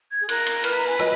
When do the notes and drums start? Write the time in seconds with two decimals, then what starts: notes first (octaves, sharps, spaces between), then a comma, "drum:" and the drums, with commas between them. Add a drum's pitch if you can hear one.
0.11 G#6
0.21 G#4
0.29 A#4 F#6, drum: cymbal
0.46 drum: cymbal
0.64 B4 F6, drum: cymbal
0.76 A#5
0.87 G#5
0.99 D#5, drum: rim click